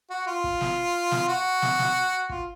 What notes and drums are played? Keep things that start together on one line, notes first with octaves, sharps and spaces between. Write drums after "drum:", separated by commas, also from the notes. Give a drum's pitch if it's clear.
F#4
F4
drum: kick
drum: snare
drum: snare
F#4
drum: snare
drum: snare
F4, drum: kick